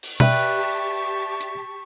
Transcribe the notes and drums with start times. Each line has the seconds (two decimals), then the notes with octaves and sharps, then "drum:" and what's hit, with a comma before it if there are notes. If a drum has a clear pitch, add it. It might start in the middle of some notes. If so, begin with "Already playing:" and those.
0.03 drum: open hi-hat
0.20 G4 B4 D5 E5 G5 A5 C#6 B6, drum: tom B2
1.41 drum: hi-hat